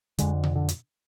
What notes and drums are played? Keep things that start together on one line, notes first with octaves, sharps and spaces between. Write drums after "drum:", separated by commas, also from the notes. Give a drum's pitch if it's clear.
F2 D3 G#3, drum: hi-hat
drum: tom B2
D3
drum: hi-hat